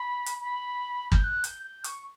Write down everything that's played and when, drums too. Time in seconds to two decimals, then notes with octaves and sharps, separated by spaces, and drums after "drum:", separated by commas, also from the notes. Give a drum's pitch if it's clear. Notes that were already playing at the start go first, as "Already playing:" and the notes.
Already playing: B5
0.26 drum: hi-hat
0.41 B5
1.12 G6, drum: kick
1.24 F#6
1.44 G6, drum: hi-hat
1.64 G6
1.84 C#6, drum: hi-hat